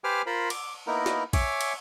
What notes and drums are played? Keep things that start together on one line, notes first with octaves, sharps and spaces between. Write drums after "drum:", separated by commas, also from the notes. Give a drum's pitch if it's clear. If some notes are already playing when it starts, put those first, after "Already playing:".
G4 B4 C5 G#5 D6 F6
F4 A#4 C5 B5
D6, drum: cymbal
A#3 B3 D#4 E4 A#4
drum: snare
C#5 E5 G#5 D6, drum: kick A#1, cymbal
drum: cymbal